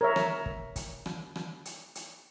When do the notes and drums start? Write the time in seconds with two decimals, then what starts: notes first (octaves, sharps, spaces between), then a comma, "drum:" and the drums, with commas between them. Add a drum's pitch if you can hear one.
0.01 A#4 C#5 E5
0.16 drum: rim click
0.46 drum: kick
0.76 drum: kick, hi-hat
1.06 drum: rim click
1.36 drum: rim click
1.65 drum: hi-hat
1.95 drum: hi-hat